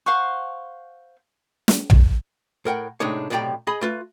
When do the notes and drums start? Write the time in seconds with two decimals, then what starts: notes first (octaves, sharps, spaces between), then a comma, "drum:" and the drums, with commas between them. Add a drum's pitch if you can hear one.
0.06 C5 F5 F#5 C#6
1.68 drum: snare
1.90 drum: tom B1
2.65 A2 A#4 F#5 G5
3.00 A2 C3 G#3 D4 D#4 C#5
3.30 B1 A2 C3 D5 G5 A#5
3.67 G#4 D#5 B5
3.81 A3 F4 B4